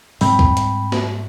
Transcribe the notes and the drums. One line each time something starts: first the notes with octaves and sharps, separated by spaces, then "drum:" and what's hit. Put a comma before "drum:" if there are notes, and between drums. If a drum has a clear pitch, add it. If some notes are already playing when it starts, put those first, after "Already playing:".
G#2 G3 C4 G5 B5, drum: open hi-hat
drum: kick
drum: hi-hat
drum: snare